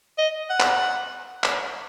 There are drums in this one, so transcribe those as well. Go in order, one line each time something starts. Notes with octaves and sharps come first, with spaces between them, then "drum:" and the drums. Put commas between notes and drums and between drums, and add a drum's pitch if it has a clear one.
D#5
F#5
drum: clap
drum: clap